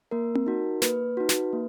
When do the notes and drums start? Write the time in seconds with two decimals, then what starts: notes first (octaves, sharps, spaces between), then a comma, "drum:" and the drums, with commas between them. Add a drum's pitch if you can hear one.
0.11 A#3 A#4
0.35 drum: tom C4
0.46 D#4 F#4
0.82 A#3 B4, drum: snare
1.17 D#4 F#4
1.29 drum: snare
1.53 A#3